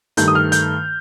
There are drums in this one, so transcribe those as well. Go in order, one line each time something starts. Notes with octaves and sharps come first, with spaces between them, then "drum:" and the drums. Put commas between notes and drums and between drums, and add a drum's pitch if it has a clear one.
G2 D#3 A3 G6, drum: hi-hat
D#6
F6
G6, drum: hi-hat